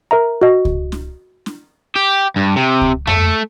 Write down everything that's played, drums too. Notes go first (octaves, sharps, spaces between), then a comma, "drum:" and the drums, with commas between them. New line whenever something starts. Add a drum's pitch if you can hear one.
A#4 E5 A#5
F#4 D#5
drum: kick C#2
drum: snare
drum: snare
G4
G2
C3
drum: kick C#2
A3, drum: tom F2